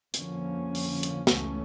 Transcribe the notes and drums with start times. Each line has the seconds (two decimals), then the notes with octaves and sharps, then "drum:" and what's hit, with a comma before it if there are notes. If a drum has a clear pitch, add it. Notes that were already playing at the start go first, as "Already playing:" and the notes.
0.14 F2 D3 F3 A#3 C#4, drum: hi-hat
0.75 drum: open hi-hat
1.03 drum: hi-hat
1.27 C#2 C#3 E3 A3 C#4, drum: snare